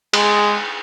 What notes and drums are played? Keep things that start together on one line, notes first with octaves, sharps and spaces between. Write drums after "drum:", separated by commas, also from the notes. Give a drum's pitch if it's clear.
G#3, drum: cymbal